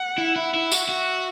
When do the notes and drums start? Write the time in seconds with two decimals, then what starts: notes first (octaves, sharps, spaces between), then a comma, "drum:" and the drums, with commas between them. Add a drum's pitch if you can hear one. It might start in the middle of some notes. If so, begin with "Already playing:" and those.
Already playing: F#5
0.18 E4
0.36 E4
0.54 E4
0.72 F#4 E5, drum: tambourine
0.88 F#4